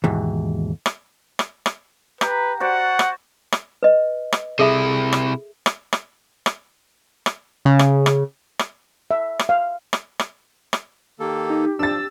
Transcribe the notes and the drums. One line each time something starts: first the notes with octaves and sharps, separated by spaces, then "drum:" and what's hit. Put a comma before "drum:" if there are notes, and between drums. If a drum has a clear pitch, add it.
D#2 G#2 B2 E3
drum: rim click
drum: rim click
drum: rim click
G4 B4 A#5, drum: rim click
F#4 C5 D5 F#5
drum: rim click
drum: rim click
B4 D#5
drum: rim click
C3 E4 G#4 A4 E5
drum: rim click
drum: rim click
drum: rim click
drum: rim click
drum: rim click
C#3
drum: rim click
drum: rim click
drum: rim click
E5
drum: rim click
F5
drum: rim click
drum: rim click
drum: rim click
D#3 A#3 G4 A4
D#4
F3 D4 E6 A6